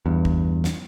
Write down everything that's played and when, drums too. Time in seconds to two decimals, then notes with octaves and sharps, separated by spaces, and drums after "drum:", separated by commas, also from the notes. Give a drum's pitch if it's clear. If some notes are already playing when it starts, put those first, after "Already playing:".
0.06 E2 G2
0.25 drum: kick
0.64 drum: snare